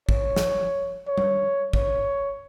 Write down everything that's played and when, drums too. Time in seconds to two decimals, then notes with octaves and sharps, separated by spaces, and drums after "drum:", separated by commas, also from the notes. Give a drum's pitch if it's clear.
0.09 C#5, drum: kick
0.36 drum: snare
1.07 C#5
1.18 drum: tom
1.73 C#5, drum: kick